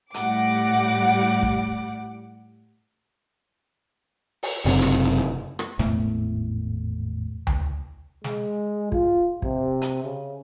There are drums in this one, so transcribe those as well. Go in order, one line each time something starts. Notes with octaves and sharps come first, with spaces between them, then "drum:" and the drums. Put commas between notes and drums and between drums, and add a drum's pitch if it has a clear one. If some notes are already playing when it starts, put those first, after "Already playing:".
A2 G3 F#5 D6, drum: hi-hat
drum: kick
drum: open hi-hat
F#1 C3, drum: open hi-hat
drum: rim click
drum: rim click
G#1 E2 A2 A3, drum: snare
drum: tom D2
G#3, drum: snare
F4, drum: kick
C3, drum: kick
drum: hi-hat
C#3